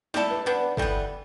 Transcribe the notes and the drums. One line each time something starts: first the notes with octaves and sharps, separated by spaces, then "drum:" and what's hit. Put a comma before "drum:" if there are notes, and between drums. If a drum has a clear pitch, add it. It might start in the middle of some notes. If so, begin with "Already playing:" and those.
G3 E4 A4 D5, drum: snare
B4
G3 B3 D4 B4
E3 G3 B3 A4, drum: kick